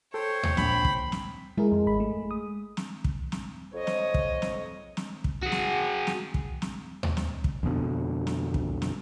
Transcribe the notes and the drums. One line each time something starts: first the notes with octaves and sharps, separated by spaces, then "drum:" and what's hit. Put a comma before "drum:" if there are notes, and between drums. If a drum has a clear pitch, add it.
A4 C5 C#5 G5
drum: tom D#2
A#1 B5, drum: snare
drum: kick
drum: snare
G#3 E4 G#4 A#4
F2
G#1 B5
A3
D#6
drum: snare
drum: kick
drum: snare
F2 C#5 D#5
drum: snare
drum: kick
drum: snare
drum: snare
drum: kick
F#4 G#4
drum: snare
drum: snare
drum: kick
drum: snare
drum: tom D#2
drum: snare
drum: kick
F2 B2 D3
drum: snare
drum: kick
drum: snare